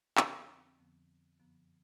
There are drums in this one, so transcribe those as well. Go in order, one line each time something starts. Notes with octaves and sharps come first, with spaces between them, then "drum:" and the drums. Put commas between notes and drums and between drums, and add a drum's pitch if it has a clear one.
F2 D3 F3 C4, drum: clap
C4
F2 D3 F3 B3
F#2 D3 F3 B3